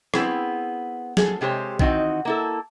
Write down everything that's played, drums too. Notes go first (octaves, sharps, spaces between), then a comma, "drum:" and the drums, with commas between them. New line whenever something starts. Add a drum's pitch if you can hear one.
B3 C4 E4 G#4, drum: rim click
G#4 A4, drum: snare
C3 G#3 G4 C5 C#5
D#3 E3 C4 D#4 F#4, drum: kick A#1
A#3 E4 A4